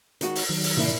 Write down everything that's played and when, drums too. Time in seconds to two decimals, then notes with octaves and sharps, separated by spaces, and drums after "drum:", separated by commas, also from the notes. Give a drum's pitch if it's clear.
0.21 D#3 G#3 D#4 F#4, drum: hi-hat
0.35 drum: open hi-hat
0.49 D#3 F#3
0.63 drum: open hi-hat
0.77 A#2 C#3 E3 A#3 E4, drum: tom